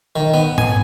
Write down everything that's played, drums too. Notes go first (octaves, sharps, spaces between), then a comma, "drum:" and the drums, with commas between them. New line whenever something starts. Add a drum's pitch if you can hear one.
D#3
B3
G#5, drum: tom G#2